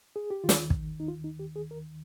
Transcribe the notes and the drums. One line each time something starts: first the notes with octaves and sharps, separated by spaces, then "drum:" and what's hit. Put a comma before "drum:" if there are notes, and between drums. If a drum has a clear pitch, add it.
G#4
G4
D#3 F4
D#2, drum: snare
drum: kick
D#4
F4
D#4
G4
G#4
A#4